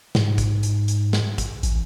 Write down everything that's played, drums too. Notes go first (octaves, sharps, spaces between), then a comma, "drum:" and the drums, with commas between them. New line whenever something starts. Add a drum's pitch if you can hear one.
G#2, drum: snare
drum: kick, hi-hat
drum: hi-hat
drum: hi-hat
drum: snare
drum: kick, hi-hat
A1, drum: hi-hat